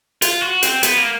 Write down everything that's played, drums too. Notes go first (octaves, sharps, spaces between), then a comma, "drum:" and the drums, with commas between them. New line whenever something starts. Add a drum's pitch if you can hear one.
F4, drum: hi-hat
F#4
C4, drum: hi-hat
B3, drum: hi-hat
A#3